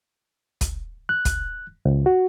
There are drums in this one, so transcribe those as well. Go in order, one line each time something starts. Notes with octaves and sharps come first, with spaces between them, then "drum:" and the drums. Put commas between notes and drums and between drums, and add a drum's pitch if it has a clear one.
drum: kick, hi-hat
F#6
drum: kick, hi-hat
C#2
F#4